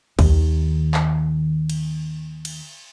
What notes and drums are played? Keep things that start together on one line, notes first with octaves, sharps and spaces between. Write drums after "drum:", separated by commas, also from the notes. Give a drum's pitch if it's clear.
D#2 D#3, drum: kick, cymbal
drum: clap
drum: cymbal
drum: cymbal